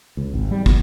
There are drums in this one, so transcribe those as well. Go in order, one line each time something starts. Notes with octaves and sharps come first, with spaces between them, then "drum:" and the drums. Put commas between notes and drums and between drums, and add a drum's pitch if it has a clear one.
C#2
G#1
G3
B3, drum: kick